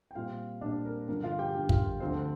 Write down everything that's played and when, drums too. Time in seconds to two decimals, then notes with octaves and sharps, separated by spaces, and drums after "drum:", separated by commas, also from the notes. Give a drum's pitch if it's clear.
0.11 G5
0.15 A#2 G3 C4 F4 F5
0.61 A#2 G3 C4 D4 D5
0.85 A#4
1.08 G2 D3 F3 A#4
1.23 F4 F5
1.38 G4 G5
1.54 G2 D3 F3 G4 G5
1.69 F4 F5, drum: kick
2.00 D2 D3 F3 C4 C5